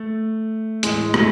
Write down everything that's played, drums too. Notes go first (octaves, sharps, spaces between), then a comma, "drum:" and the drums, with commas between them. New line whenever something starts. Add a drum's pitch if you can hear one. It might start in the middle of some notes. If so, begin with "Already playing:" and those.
Already playing: A3
A2 E3 G#3, drum: hi-hat
A3, drum: rim click